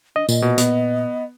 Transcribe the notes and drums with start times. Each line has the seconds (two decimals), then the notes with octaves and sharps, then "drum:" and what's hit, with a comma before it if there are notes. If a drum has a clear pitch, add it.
0.16 D4 D#5
0.29 A#2 D#5, drum: tambourine
0.42 B2
0.58 B3, drum: hi-hat